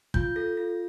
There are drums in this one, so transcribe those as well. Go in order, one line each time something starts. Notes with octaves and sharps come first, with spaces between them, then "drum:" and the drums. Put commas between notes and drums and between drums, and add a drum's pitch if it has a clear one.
F4 G6, drum: kick
A4 A#6
F4 A#6